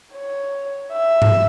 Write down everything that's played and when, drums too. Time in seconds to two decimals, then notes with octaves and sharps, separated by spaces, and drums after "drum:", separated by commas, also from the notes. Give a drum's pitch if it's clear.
0.14 C#5
0.92 E5
1.22 drum: tom G#2